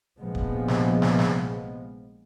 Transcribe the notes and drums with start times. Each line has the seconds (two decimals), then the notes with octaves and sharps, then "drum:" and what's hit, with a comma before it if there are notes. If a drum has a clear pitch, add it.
0.18 A#1 C3 F3 G#3 B3
0.35 drum: kick
0.68 drum: snare
1.02 drum: snare
1.19 drum: snare